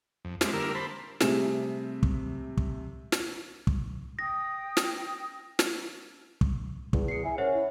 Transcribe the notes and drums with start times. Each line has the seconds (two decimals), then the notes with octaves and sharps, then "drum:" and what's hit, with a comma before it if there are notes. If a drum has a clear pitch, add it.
0.25 F2
0.41 G3 G#3 C4 E4, drum: snare
0.53 D3 G3 A#3 A#4 E6
0.75 C5 A5 B5
1.20 C3 G3 A3 C4 G#4 E7, drum: snare
2.03 drum: kick
2.57 drum: kick
3.12 drum: snare
3.67 drum: kick
4.19 G5 D#6 A#6
4.77 drum: snare
5.59 drum: snare
6.41 drum: kick
6.93 E2 E4, drum: kick
7.08 G#4 C7 C#7
7.25 E4 G#5
7.38 C#4 A#4 C5 E5 F#5
7.54 E4